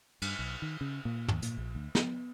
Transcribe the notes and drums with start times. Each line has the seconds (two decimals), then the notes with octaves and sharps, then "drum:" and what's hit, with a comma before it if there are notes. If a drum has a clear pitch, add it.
0.22 G2, drum: cymbal
0.39 B1
0.62 D#3
0.81 C#3
1.05 A#2
1.28 D#2, drum: tom
1.42 A#2, drum: hi-hat
1.57 A#1
1.75 D2
1.95 B3, drum: snare